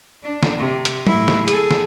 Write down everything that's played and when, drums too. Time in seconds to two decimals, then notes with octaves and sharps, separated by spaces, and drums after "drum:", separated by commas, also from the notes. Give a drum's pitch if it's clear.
0.23 D4
0.43 drum: snare
0.59 C3
0.85 drum: hi-hat
1.07 A2 E4, drum: tom F#3
1.28 drum: snare
1.48 G#4 A4, drum: hi-hat
1.71 drum: snare